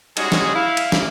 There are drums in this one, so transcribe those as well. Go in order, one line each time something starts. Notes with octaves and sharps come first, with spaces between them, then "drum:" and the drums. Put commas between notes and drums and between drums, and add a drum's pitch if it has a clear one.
G3 G#3 C#4 D#4 F#4 G#4, drum: cymbal
drum: snare
E4 F5
drum: cymbal
drum: snare